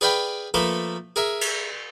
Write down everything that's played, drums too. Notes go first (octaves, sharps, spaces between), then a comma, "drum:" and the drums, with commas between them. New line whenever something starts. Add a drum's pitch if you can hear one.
G#4 B4 D5 F5 G5 B5
F3 A3 A#3 A4 B4
G#4 A#4 E5
drum: cymbal